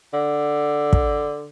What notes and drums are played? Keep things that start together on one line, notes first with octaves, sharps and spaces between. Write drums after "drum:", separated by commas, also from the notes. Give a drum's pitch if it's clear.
D3
drum: kick